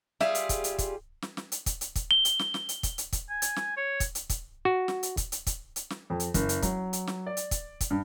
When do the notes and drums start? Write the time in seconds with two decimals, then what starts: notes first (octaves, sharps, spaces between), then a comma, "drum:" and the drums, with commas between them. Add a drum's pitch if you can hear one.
0.21 G3 F4 G#4 E5, drum: snare
0.35 drum: hi-hat
0.49 drum: kick, hi-hat
0.64 drum: hi-hat
0.79 drum: kick, hi-hat
1.22 drum: snare
1.37 drum: snare
1.52 drum: hi-hat
1.66 drum: kick, hi-hat
1.81 drum: hi-hat
1.96 drum: kick, hi-hat
2.11 G7
2.25 drum: hi-hat
2.39 drum: snare
2.54 drum: snare
2.69 drum: hi-hat
2.83 drum: kick, hi-hat
2.98 drum: hi-hat
3.13 drum: kick, hi-hat
3.29 G#5
3.42 drum: hi-hat
3.56 drum: snare
3.77 C#5
4.00 drum: kick, hi-hat
4.15 drum: hi-hat
4.30 drum: kick, hi-hat
4.65 F#4
4.88 drum: snare
5.03 drum: hi-hat
5.17 drum: kick, hi-hat
5.32 drum: hi-hat
5.47 drum: kick, hi-hat
5.76 drum: hi-hat
5.90 drum: snare
6.10 F2
6.20 drum: hi-hat
6.34 F#1, drum: kick, hi-hat
6.49 drum: hi-hat
6.62 F#3, drum: kick, hi-hat
6.93 drum: hi-hat
7.07 drum: snare
7.26 D5
7.37 drum: hi-hat
7.51 drum: kick, hi-hat
7.81 drum: kick, hi-hat
7.90 G2